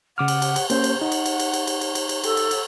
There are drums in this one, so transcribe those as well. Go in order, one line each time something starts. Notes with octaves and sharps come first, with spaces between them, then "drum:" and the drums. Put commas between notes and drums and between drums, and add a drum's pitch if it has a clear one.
C#3 F#5 D6 F6
drum: cymbal
drum: cymbal
drum: cymbal
A#3 C#4 C5, drum: cymbal
drum: cymbal
D#4 F#5
drum: cymbal
drum: cymbal
drum: cymbal
drum: cymbal
drum: cymbal
drum: cymbal
drum: cymbal
drum: cymbal
A4, drum: cymbal
drum: cymbal
drum: cymbal